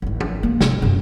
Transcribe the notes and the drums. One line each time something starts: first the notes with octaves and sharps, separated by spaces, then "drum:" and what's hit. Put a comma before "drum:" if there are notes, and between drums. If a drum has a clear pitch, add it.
G#1 E3
drum: tom
A#3
C3, drum: snare
F#2 A#2